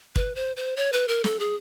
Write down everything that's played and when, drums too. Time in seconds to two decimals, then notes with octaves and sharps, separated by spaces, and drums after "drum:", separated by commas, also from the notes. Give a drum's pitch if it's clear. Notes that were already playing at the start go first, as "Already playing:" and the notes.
0.16 B4, drum: kick
0.35 C5
0.56 C5
0.76 C#5
0.93 B4
1.08 A#4
1.24 A4, drum: snare
1.39 G#4